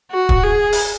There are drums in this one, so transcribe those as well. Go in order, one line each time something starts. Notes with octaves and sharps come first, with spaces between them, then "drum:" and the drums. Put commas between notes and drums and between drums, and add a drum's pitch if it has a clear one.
F#4
drum: kick
G#4
drum: open hi-hat